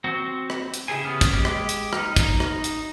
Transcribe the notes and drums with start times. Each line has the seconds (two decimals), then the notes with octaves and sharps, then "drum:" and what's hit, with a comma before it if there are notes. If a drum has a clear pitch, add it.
0.04 C4 F#4
0.50 drum: rim click
0.74 drum: hi-hat
0.88 C#3 E4 G4 G#4 G#5
1.05 C#3 B3 G4 D#6 F6
1.21 drum: kick, hi-hat
1.33 G#3 G4
1.45 drum: rim click
1.69 drum: hi-hat
1.93 D#4 F6, drum: rim click
2.16 drum: kick, hi-hat
2.40 drum: rim click
2.64 drum: hi-hat